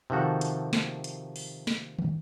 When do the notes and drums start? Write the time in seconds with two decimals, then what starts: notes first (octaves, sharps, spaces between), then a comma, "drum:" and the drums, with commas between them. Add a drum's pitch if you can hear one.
0.10 C3 D#3 F3 F#4 A4
0.41 drum: hi-hat
0.73 drum: snare
1.04 drum: hi-hat
1.36 drum: open hi-hat
1.67 drum: snare
1.99 drum: tom